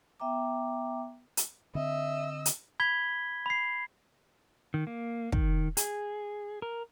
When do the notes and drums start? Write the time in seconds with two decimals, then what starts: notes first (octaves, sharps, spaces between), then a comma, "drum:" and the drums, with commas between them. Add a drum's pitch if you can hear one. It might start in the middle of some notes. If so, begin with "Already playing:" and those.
0.20 B3 E5 G5 A#5 D6
1.37 drum: hi-hat
1.75 D3 C4 D#5 E5 E6
2.46 drum: hi-hat
2.80 B5 G#6 B6 G7
3.46 B5 C7
4.74 D#3
4.87 A#3
5.32 D#3, drum: kick
5.77 G#4, drum: hi-hat
6.62 A#4